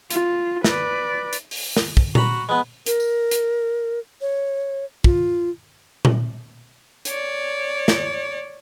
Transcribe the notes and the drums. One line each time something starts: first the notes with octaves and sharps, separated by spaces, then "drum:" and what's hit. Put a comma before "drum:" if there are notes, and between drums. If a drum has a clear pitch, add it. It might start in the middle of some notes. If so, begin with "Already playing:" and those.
F4, drum: hi-hat
B4 D5, drum: snare
drum: hi-hat
drum: open hi-hat
drum: snare
drum: kick
F#4 A#5 B5, drum: tom A#2
G#3 B3 B4
A#4, drum: hi-hat
drum: tambourine
drum: hi-hat
C#5
F4, drum: kick
drum: tom A#2
C#5 D5, drum: hi-hat
drum: snare